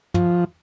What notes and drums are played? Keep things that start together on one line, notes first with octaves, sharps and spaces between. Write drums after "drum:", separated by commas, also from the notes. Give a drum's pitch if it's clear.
F3, drum: tom